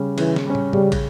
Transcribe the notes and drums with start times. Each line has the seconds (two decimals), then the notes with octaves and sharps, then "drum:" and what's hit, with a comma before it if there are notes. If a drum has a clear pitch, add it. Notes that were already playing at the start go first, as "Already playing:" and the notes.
Already playing: C#3 G3 C#4
0.18 C#3 E3, drum: cymbal
0.36 drum: snare
0.46 G3 C#4
0.55 drum: tom
0.73 C#3 G3, drum: tom
0.92 drum: kick, cymbal